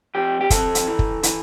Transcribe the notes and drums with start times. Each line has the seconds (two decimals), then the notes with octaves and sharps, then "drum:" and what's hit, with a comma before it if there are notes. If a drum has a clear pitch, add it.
0.15 F2 G4
0.41 G4
0.50 F2 A4, drum: kick, hi-hat
0.75 drum: hi-hat
0.87 E3
0.99 drum: kick
1.23 E3, drum: hi-hat